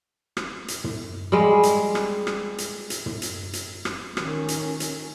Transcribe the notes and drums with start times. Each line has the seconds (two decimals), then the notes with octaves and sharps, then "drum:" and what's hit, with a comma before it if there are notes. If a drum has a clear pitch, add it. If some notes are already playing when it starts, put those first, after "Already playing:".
0.37 drum: rim click
0.68 drum: hi-hat
0.84 drum: tom
1.32 G3 G#3
1.63 drum: hi-hat
1.95 drum: rim click
2.27 drum: rim click
2.58 drum: hi-hat
2.90 drum: hi-hat
3.06 drum: tom
3.22 drum: hi-hat
3.53 drum: hi-hat
3.85 drum: rim click
4.17 D#3 C#4, drum: rim click
4.48 drum: hi-hat
4.80 drum: hi-hat